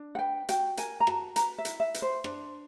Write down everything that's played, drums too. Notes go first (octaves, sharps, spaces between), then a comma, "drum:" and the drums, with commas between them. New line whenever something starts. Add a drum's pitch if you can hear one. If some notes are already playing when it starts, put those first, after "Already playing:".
Already playing: D4
F#5
B4 G5
F#4 G5, drum: hi-hat
A#4 G#5, drum: hi-hat
A#5
F#4 A5, drum: rim click
B4 A#5, drum: hi-hat
E5
E4, drum: hi-hat
E5
B4, drum: hi-hat
C5
D4 C5, drum: rim click